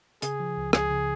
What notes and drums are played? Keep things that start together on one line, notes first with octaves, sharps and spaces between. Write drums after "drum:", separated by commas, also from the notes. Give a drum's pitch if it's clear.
C#3 G#4, drum: hi-hat
F3
C#2
C#2 G#4, drum: rim click
C#3